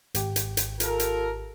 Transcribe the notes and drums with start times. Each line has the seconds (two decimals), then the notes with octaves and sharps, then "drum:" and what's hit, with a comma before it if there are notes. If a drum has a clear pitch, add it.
0.15 G#1 G4, drum: hi-hat
0.36 drum: hi-hat
0.57 drum: hi-hat
0.80 F4 A4 A#4, drum: hi-hat
1.00 drum: hi-hat